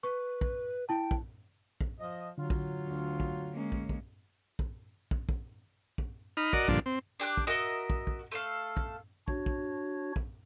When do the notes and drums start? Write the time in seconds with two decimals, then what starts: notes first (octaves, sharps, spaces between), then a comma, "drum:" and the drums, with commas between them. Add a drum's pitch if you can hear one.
0.03 B4 C#6
0.41 drum: kick
0.89 E4 G5 A5
1.11 drum: kick
1.81 drum: kick
2.00 F3 D#5
2.38 D3 F#3 F4
2.50 drum: kick
2.85 D2
3.20 drum: kick
3.53 G#3 A#3 C#4
3.72 drum: kick
3.89 drum: kick
4.59 drum: kick
5.11 drum: kick
5.29 drum: kick
5.98 drum: kick
6.37 D#4 B5 F6
6.53 F#4 A#4 D5 D#5, drum: kick
6.68 G2 A#2 D3 F3 D4, drum: kick
6.86 C4
7.20 D4 G4 D6 F#6
7.37 drum: kick
7.47 F#4 A#4 D#5 E5
7.90 drum: kick
8.07 drum: kick
8.32 A3 A4 F5
8.77 drum: kick
9.28 D4 F#4 C#5, drum: kick
9.46 drum: kick
10.16 drum: kick